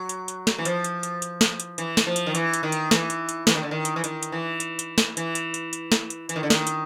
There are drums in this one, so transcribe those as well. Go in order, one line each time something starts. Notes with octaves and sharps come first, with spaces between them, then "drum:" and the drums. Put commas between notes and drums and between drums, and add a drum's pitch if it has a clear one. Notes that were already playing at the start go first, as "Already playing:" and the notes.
Already playing: F#3
drum: hi-hat
drum: hi-hat
drum: snare
E3
F3, drum: hi-hat
drum: hi-hat
drum: hi-hat
drum: hi-hat
drum: snare
drum: hi-hat
E3, drum: hi-hat
drum: snare
F3
drum: hi-hat
D#3
E3, drum: hi-hat
drum: hi-hat
D#3
drum: hi-hat
E3, drum: snare
drum: hi-hat
drum: hi-hat
E3, drum: snare
D#3
D3
D#3
drum: hi-hat
E3
D#3, drum: hi-hat
drum: hi-hat
E3
drum: hi-hat
drum: hi-hat
drum: snare
E3, drum: hi-hat
drum: hi-hat
drum: hi-hat
drum: hi-hat
drum: snare
drum: hi-hat
E3, drum: hi-hat
D#3
D3
D#3, drum: snare
drum: hi-hat